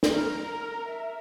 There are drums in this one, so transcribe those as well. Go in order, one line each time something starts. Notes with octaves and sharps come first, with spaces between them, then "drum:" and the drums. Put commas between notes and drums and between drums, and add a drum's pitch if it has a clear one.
drum: snare
A#4 A#5
E5